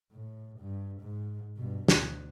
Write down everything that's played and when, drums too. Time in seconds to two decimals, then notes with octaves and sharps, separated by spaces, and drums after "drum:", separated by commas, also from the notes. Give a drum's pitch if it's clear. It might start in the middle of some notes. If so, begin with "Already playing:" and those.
0.12 A2
0.59 G2
1.00 G#2
1.57 G2 B2
1.88 D2, drum: snare